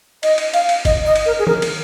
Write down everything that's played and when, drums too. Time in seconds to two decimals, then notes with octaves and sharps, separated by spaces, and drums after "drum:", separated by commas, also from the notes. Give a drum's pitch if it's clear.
0.23 D#5, drum: cymbal
0.38 drum: cymbal
0.53 F5, drum: cymbal
0.69 drum: cymbal
0.85 D#5, drum: kick, cymbal
1.06 D#5
1.16 drum: cymbal
1.26 A#4
1.39 G#4
1.47 A#4, drum: tom D#3
1.62 drum: cymbal